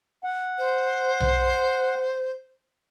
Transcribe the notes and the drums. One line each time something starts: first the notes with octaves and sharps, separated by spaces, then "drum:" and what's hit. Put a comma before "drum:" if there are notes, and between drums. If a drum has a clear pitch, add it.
F#5
C5
drum: tom B1